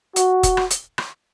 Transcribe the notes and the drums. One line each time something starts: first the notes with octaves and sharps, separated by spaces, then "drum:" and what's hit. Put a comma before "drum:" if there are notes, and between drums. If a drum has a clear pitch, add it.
F#4, drum: hi-hat
drum: kick, hi-hat
drum: rim click
drum: hi-hat
drum: rim click